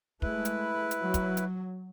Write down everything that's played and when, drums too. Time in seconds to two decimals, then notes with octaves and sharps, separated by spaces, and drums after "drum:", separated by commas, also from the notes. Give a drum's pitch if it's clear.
0.22 G#3 A3 E4 B4, drum: kick
0.45 drum: hi-hat
0.91 drum: hi-hat
1.00 F#3
1.14 drum: kick, hi-hat
1.37 drum: hi-hat